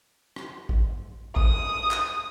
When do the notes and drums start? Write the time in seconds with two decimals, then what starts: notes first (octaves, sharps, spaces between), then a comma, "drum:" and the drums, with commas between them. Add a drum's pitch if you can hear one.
0.36 drum: rim click
0.69 drum: kick A1
1.36 D#6, drum: kick A1
1.91 drum: clap